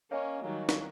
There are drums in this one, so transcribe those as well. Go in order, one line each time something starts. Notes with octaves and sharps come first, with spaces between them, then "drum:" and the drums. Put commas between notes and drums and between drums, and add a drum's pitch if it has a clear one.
A#3 C#4 C#5 D#5 G#5
D#3 F#3 G3 A#3
drum: snare